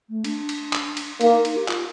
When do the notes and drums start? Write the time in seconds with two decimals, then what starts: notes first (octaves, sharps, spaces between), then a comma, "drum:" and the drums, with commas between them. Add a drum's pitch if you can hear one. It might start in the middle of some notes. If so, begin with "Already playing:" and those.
0.10 A3
0.24 D4, drum: cymbal
0.49 drum: cymbal
0.73 drum: clap
0.97 drum: cymbal
1.21 A#3 D#4, drum: cymbal
1.32 D#4
1.45 D#4, drum: cymbal
1.57 G4
1.68 F4, drum: clap